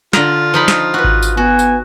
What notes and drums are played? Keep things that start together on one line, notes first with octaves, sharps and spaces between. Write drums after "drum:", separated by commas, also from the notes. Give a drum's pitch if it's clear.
D3 F4 A#5, drum: snare
F3 D#4 B5
drum: snare
F#4 B4
drum: kick G#1
drum: tambourine
B3 F#4 G#5
drum: tambourine